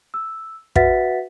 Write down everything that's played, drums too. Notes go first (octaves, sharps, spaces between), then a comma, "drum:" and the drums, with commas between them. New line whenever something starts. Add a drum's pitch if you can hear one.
E6
F#4 B4 E5 F#5 A6 B6, drum: kick